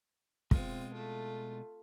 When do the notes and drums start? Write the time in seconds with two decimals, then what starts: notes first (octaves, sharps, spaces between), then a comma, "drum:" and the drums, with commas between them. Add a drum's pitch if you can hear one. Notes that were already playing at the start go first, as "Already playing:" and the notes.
0.51 B2 G#3 C4 F4, drum: kick
0.93 A3 F4